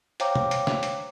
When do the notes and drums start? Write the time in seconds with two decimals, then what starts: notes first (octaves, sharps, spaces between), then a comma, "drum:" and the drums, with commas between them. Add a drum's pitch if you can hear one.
0.20 C5 C#5 F5 G5 A#5 D6, drum: hi-hat
0.36 drum: tom
0.51 drum: hi-hat
0.67 drum: snare
0.83 drum: hi-hat